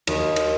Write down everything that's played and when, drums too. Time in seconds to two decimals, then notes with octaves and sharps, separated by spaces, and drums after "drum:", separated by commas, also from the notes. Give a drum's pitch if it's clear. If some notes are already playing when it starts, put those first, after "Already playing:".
0.07 D#2, drum: cymbal
0.36 drum: cymbal